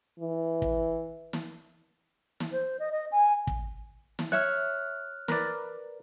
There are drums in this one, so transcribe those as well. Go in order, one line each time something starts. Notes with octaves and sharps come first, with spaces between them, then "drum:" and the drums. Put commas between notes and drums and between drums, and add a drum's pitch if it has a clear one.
E3
drum: kick
drum: snare
drum: snare
C5
D#5
D#5
G#5
drum: kick
drum: snare
C#5 E5 F6 F#6
A#4 B4 D5, drum: snare